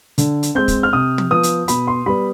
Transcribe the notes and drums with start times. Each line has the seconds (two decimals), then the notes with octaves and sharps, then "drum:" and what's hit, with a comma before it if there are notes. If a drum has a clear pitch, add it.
0.18 D3, drum: hi-hat
0.43 drum: hi-hat
0.55 G#3 C4 G6
0.68 drum: kick, hi-hat
0.83 F6
0.93 C3 D#6
1.18 drum: tom
1.30 F3 B3 D#6
1.43 drum: hi-hat
1.68 B2 B5, drum: hi-hat
1.87 C6
2.06 G3 B3 B5